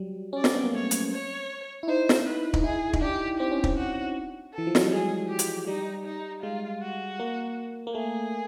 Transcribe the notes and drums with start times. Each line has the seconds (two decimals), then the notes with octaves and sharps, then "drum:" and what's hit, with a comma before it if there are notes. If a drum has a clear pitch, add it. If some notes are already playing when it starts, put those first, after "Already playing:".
Already playing: F#3 G3
0.33 C#4 D5
0.44 C4, drum: snare
0.54 B3
0.64 A#3
0.74 A3 C#5
0.91 drum: hi-hat
1.12 C#5
1.83 E4
1.88 D#4 C5
2.09 drum: snare
2.26 B4
2.54 D#4, drum: kick
2.64 E4 G#4
2.93 D#4, drum: kick
3.01 D4 G4
3.39 C4 G4
3.51 C#4
3.64 C4, drum: kick
3.77 F#4
4.53 E3 A4
4.67 F3
4.75 F#3, drum: snare
4.83 G3
4.91 G#3 G#4
5.29 G4
5.39 drum: hi-hat
5.67 G3 D#4
6.05 D#4
6.42 G#3 F4
6.82 F#4
7.19 A#3
7.87 A#3
7.95 A3 G#4